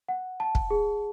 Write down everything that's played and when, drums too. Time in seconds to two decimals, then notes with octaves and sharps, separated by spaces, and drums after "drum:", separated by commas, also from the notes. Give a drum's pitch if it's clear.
0.08 F#5
0.40 A5
0.55 drum: kick
0.71 G#4